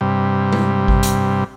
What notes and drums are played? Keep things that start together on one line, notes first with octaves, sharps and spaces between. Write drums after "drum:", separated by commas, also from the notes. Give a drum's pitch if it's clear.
G2 C3 G3
drum: tom G#3
drum: kick G#1
drum: hi-hat